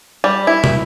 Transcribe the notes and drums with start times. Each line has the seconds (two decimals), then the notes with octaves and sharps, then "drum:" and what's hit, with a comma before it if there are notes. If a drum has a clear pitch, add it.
0.24 G3
0.47 E4
0.64 drum: tom